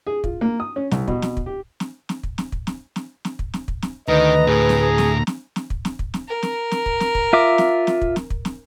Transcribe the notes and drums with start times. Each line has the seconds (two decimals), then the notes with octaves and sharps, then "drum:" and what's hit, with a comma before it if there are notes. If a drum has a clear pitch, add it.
0.07 G#4
0.24 F4, drum: kick
0.41 A#3
0.60 D#6
0.76 C#4
0.91 C2, drum: snare
1.08 B2, drum: kick
1.22 drum: snare
1.37 drum: kick
1.46 G4
1.80 drum: snare
2.09 drum: snare
2.23 drum: kick
2.38 drum: snare
2.52 drum: kick
2.67 drum: snare
2.96 drum: snare
3.25 drum: snare
3.39 drum: kick
3.54 drum: snare
3.68 drum: kick
3.82 drum: snare
4.08 D2 D#3 B4 D#5 A#5
4.47 A2 G#4
4.69 drum: snare
4.80 G#4
4.98 drum: snare
5.27 drum: snare
5.56 drum: snare
5.70 drum: kick
5.85 drum: snare
5.99 drum: kick
6.14 drum: snare
6.28 A#4
6.43 drum: snare
6.71 drum: snare
6.86 drum: kick
7.00 drum: snare
7.15 drum: kick
7.33 F4 E5 D6
7.58 drum: snare
7.87 drum: snare
8.02 drum: kick
8.16 drum: snare
8.30 drum: kick
8.45 drum: snare